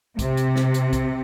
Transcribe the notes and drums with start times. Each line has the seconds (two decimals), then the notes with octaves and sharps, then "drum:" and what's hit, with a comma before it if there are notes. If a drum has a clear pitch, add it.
0.19 C3, drum: kick, hi-hat
0.37 drum: hi-hat
0.56 drum: snare
0.74 drum: hi-hat
0.93 drum: kick, hi-hat